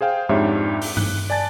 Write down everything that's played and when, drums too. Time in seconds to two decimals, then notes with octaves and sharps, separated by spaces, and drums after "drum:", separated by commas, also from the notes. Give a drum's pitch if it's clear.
0.01 G#4 C5 F5 G5
0.29 F2 G#2 D4 G4 C#5 E5
0.82 drum: open hi-hat
0.97 F#6, drum: tom G2
1.30 D5 G#5 A5 A6